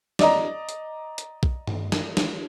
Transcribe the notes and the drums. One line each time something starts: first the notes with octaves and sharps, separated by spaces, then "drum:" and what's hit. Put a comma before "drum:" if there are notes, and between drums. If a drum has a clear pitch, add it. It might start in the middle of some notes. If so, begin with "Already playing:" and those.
D5 D#5 A#5, drum: snare
drum: hi-hat
drum: hi-hat
drum: kick B1
drum: tom G2
drum: snare
drum: snare